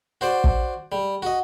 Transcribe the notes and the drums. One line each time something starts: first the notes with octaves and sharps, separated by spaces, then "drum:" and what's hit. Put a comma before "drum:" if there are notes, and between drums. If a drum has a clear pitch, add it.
F#4 C5 D5
drum: kick
G3
F#4 D#5